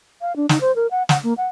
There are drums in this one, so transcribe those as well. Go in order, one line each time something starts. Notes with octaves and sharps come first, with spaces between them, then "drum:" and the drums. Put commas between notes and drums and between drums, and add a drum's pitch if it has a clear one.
F5
D4
D#4, drum: snare
C5
A#4
F#5
F#5, drum: snare
A#3
F#5